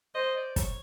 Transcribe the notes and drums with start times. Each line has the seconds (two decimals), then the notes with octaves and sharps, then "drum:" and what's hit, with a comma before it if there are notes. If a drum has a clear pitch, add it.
0.15 C5 D#5
0.36 D5
0.56 C#5, drum: kick, hi-hat